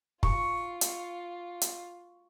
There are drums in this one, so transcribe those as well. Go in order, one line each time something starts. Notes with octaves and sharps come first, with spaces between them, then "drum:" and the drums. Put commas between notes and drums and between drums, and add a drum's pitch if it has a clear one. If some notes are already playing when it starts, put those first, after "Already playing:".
F4 C#6, drum: kick
drum: hi-hat
drum: hi-hat